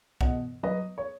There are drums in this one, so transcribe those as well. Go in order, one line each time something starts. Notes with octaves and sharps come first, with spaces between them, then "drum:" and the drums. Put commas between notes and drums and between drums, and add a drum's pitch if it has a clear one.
B2 D#5 F#5, drum: kick
F#3 B4 D#5
C#5